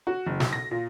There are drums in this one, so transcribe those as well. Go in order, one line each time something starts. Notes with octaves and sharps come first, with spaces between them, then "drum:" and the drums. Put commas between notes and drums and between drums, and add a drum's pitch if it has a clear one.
F#4
F#1
B1, drum: snare
A#6
A#2